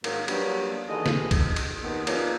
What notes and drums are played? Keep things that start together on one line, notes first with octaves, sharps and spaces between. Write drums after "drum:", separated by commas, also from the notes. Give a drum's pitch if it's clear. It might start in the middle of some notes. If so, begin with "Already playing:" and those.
G#2 D#3 F#3 A#3, drum: cymbal
F#3 G3 A#3 B3 D4, drum: cymbal
D#2 D3 E3 G#4 D#5
drum: snare
drum: kick, cymbal
drum: cymbal
D#2 D#3 B3
F3 A#3 C#4 D#4 B4 D5, drum: cymbal